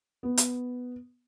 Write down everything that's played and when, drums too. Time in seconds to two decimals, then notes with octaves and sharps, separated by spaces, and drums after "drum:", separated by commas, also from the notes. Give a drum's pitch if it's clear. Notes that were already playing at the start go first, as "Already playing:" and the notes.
0.23 B3
0.37 drum: hi-hat